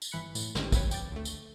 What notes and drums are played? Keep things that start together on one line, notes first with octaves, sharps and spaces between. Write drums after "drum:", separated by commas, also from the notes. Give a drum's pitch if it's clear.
drum: tambourine
G1 E3 B5 F#6 C#7
A2, drum: tambourine
A1 D3 C4 C#4 G4, drum: snare
D2 F3 C4 B4 C#5, drum: kick, tambourine
G5 D6 A6, drum: tambourine
D2 A3
drum: tambourine